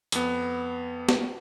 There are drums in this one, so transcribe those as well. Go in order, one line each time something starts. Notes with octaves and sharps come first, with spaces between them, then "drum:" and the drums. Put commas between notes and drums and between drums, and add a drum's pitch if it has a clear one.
F2 B3, drum: hi-hat
drum: snare